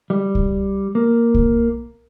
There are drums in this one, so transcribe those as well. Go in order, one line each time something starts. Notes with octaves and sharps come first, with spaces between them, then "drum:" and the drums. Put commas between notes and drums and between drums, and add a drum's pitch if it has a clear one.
G3
drum: kick C2
A#3
drum: kick C2